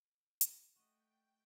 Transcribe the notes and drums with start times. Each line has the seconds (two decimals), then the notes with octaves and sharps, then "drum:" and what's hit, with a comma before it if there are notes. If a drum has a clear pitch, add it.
0.41 drum: hi-hat
0.76 A3 F#4 D#5 G5